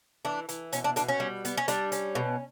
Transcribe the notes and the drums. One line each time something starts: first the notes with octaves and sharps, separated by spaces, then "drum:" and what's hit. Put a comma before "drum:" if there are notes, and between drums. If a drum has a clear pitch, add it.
E3 D4
E3, drum: hi-hat
B2 C#4, drum: hi-hat
D4
B2 D4, drum: hi-hat
C#4
G3
B3, drum: hi-hat
C#4
G3 D4, drum: hi-hat
C#4, drum: hi-hat
B2